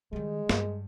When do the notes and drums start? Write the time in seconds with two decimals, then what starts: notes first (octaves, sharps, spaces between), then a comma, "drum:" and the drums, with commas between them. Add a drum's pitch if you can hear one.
0.13 D#3 G3 G#3
0.49 G2, drum: snare